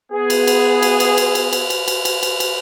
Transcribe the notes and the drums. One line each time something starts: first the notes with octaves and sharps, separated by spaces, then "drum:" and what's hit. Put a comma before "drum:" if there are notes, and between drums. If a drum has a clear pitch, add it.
B3 G#4
drum: cymbal
drum: cymbal
drum: cymbal
drum: cymbal
drum: cymbal
drum: cymbal
drum: cymbal
drum: cymbal
drum: cymbal
drum: cymbal
drum: cymbal
drum: cymbal